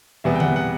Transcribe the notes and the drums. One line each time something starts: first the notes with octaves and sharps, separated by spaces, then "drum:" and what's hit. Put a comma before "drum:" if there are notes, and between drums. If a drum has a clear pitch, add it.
E2 C3 G3 B3 E5
G5
F#5, drum: tom D3
F#5